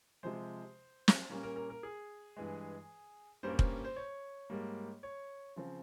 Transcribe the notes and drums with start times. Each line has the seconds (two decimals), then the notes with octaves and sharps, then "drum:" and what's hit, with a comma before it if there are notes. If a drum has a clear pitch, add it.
0.23 C3 F3 G#3 C5
1.08 drum: snare
1.30 A#2 G3 A#3 C#4
1.43 A#4
1.56 A#4
1.70 A#4
1.83 G#4
2.37 G2 E3 G#3
3.43 G2 G3 A#3 C#4 C5
3.50 A#4
3.59 C5, drum: kick
3.85 C5
3.96 C#5
4.50 G#2 G3 A#3
5.03 C#5
5.56 C#3 F3 C4